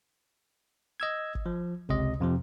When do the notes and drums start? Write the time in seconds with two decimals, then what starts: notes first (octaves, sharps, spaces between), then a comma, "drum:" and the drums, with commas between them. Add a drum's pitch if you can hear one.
1.00 D#5 E6 G#6
1.35 drum: kick G1
1.46 F3
1.89 C#2 C3 D#5, drum: kick G1
2.20 F2 C3 F3